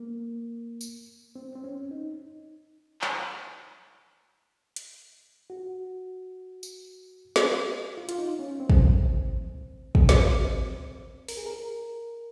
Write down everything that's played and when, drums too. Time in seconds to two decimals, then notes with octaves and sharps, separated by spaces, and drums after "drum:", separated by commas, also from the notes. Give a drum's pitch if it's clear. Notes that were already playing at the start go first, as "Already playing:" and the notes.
Already playing: A#3
0.81 drum: tambourine
1.36 C4
1.55 C4
1.64 C#4
1.91 D#4
3.01 drum: clap
4.76 drum: hi-hat
5.50 F#4
6.63 drum: tambourine
7.36 drum: snare
7.97 F4
8.09 F4, drum: hi-hat
8.18 D#4
8.39 C#4
8.60 C4
8.70 drum: kick
9.95 drum: kick
10.09 drum: snare
10.46 C4
11.28 A#4, drum: open hi-hat
11.37 G#4
11.46 A#4